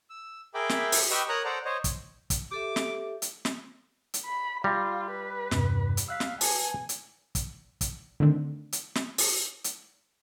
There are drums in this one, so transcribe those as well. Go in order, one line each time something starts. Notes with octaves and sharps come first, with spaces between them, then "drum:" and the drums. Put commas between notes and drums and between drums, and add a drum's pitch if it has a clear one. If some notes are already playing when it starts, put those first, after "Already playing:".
E6
G#4 A#4 E5 G5 B5 D6
drum: snare
drum: open hi-hat
G4 B4 D#5 G5 C#6 E6
A#4 C#5 A#5 D#6 F#6
A4 C5 D5 F#5 A#5
C5 C#5 D#5
drum: kick, hi-hat
drum: kick, hi-hat
G4 A4 E5 D6
drum: snare
drum: hi-hat
drum: snare
drum: hi-hat
B5
G3 F4 A#5
B4
E2 G2 C3, drum: snare
drum: hi-hat
F5 E6 F#6 B6
drum: snare
B4 G#5 A5, drum: open hi-hat
drum: hi-hat
drum: kick, hi-hat
drum: kick, hi-hat
D3 D#3 A3 C4 D4
drum: hi-hat
drum: snare
drum: open hi-hat
drum: hi-hat